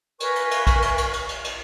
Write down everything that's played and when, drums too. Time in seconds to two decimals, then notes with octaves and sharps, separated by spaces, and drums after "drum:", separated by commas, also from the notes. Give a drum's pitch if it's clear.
0.20 A#4 B4 G#5 C#6, drum: cymbal
0.36 drum: cymbal
0.51 drum: cymbal
0.67 drum: kick A#1, cymbal
0.82 drum: cymbal
0.98 drum: cymbal
1.13 drum: cymbal
1.29 drum: cymbal
1.44 drum: cymbal